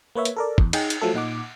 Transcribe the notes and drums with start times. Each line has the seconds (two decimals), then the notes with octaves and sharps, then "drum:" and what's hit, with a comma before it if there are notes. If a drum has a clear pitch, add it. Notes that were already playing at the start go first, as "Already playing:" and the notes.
0.15 A#3 B4 C#5 E5
0.25 drum: hi-hat
0.36 A4 A#4 D5
0.58 E2, drum: kick
0.73 D#4 G#4 G5, drum: cymbal
0.90 drum: hi-hat
1.02 F3 F#3 A3 A4
1.14 A#2 D#4 F#5 D6